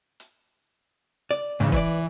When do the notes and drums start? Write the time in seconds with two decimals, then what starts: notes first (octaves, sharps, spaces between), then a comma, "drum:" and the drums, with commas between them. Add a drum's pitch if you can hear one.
0.20 drum: hi-hat
1.31 D5
1.60 G#2 C#3 E3
1.72 E3 B4 C#5 D5, drum: kick F1